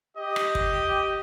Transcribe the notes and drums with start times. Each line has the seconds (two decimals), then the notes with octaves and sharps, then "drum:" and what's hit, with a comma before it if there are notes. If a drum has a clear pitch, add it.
0.17 G4 D#5
0.36 drum: rim click
0.55 drum: kick